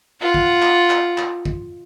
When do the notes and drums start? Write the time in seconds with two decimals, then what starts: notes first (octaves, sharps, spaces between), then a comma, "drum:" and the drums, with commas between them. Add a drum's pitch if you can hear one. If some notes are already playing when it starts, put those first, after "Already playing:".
0.20 F4 F#5
0.34 drum: kick
0.62 drum: clap
0.90 drum: clap
1.18 drum: clap
1.45 drum: kick